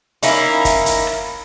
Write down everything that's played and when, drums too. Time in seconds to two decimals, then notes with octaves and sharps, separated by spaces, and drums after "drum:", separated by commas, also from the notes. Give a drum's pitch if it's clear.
0.23 A#3 C#4 D#4 E4, drum: hi-hat
0.65 drum: kick, hi-hat
0.86 drum: hi-hat
1.07 drum: rim click